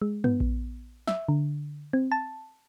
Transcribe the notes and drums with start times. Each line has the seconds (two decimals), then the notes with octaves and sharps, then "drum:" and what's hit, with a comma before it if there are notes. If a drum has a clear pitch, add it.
0.02 G#3
0.24 B3, drum: tom
0.40 drum: kick A#1
1.07 E5, drum: snare
1.28 D3
1.93 C4
2.12 A5